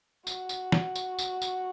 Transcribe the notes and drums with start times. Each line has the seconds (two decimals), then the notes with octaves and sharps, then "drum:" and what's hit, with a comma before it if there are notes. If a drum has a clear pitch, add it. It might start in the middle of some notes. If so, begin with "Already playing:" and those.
0.27 F#4, drum: tambourine
0.49 drum: tambourine
0.72 drum: snare
0.95 drum: tambourine
1.19 drum: tambourine
1.42 drum: tambourine